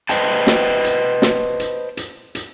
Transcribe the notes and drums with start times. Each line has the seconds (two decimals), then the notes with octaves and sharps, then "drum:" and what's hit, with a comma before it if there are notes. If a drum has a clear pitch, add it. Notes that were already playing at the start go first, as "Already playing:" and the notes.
0.09 B4 C5 D#5 G5 A5, drum: hi-hat
0.47 drum: snare
0.84 drum: hi-hat
1.22 drum: snare
1.60 drum: hi-hat
1.97 drum: hi-hat
2.35 drum: hi-hat